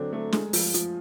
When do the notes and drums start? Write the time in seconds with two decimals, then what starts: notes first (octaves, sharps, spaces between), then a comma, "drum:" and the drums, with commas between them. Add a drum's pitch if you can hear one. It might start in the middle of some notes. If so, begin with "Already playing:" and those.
Already playing: D3 F#3 C4 D4
0.13 A3
0.33 G#3, drum: snare
0.53 F3, drum: open hi-hat
0.74 F3, drum: hi-hat